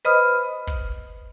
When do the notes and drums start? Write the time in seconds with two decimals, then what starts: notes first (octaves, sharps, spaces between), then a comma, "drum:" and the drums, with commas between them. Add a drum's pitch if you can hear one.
0.05 B4 C5 D#5 B5 D#6 F6
0.67 drum: kick